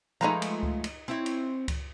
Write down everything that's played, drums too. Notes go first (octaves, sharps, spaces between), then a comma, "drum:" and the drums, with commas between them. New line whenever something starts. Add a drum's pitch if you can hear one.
F3 G#3 A3 D#4 B4 A#5
drum: cymbal
drum: kick C#2
drum: cymbal
C4 E4 C#5
drum: cymbal
drum: kick C#2, cymbal